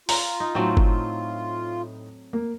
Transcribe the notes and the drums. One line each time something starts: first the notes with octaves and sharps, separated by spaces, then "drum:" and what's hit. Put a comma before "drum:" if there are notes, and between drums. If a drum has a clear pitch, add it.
F4 A#5, drum: open hi-hat
D#4
A2 F#3 A3 C4 D#4
drum: kick G1
A#3